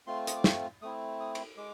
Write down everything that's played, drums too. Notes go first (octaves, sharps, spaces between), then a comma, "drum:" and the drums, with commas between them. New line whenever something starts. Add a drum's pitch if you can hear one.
A3 C4 F4 C6
D#6, drum: hi-hat
D6
C#6, drum: snare
A3 C4 E4 D#6
D#6
drum: cymbal
G#3 D6